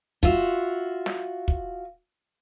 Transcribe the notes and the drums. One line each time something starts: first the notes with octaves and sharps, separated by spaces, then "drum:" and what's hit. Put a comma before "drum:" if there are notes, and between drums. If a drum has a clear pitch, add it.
F4 F#4 E5, drum: kick
drum: snare
drum: kick